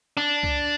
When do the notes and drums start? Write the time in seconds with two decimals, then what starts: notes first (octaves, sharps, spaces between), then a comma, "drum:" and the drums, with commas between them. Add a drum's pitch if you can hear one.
0.17 D4
0.43 drum: kick